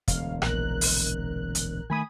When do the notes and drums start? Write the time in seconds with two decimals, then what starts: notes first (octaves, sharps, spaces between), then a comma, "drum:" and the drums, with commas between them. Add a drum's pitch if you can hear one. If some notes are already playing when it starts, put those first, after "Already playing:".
0.08 E1 D2 F5, drum: kick, hi-hat
0.42 A#1 A#4 F#6, drum: rim click
0.81 drum: open hi-hat
1.55 drum: hi-hat
1.90 D#3 A3 G#5 B5 D#6